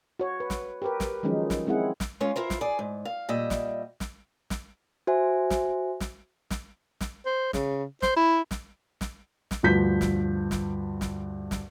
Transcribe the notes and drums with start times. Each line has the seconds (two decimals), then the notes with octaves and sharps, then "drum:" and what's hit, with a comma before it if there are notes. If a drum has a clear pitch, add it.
0.20 F#4 C#5
0.40 B4
0.50 drum: snare
0.82 G4 A#4 B4
1.00 drum: snare
1.23 D#3 F3 F#3 G#3 C#4 D#4
1.50 drum: snare
1.67 G#3 C4 E4 G#4 F#5
2.00 drum: snare
2.21 G#3 C#4 F4 C#5
2.36 E4 F4 A#4 C5
2.50 drum: snare
2.61 G#4 D5
2.79 G#2
3.05 F5
3.29 A#2 G3 D#5 E5
3.50 drum: snare
4.00 drum: snare
4.50 drum: snare
5.07 F#4 C5 E5 G#5
5.50 drum: snare
6.00 drum: snare
6.51 drum: snare
7.01 drum: snare
7.26 C5
7.53 C#3, drum: snare
8.02 C5, drum: snare
8.16 E4
8.51 drum: snare
9.01 drum: snare
9.51 drum: snare
9.63 D2 G2 F3 G6 B6
10.01 drum: snare
10.51 drum: snare
11.01 drum: snare
11.51 drum: snare